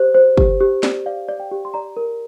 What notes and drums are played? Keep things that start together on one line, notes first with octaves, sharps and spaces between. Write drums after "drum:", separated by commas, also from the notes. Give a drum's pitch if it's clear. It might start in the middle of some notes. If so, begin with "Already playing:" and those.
Already playing: G4 C5
C5
G4, drum: kick
G4
D5, drum: snare
D5 F5
D5
G5
G4
C6
D5 A#5
A#4